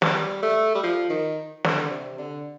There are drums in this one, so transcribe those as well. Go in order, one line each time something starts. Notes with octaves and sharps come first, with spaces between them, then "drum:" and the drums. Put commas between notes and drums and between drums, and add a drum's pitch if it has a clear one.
G3, drum: snare
A3
G3
F3
D#3
D3, drum: snare
C3
D3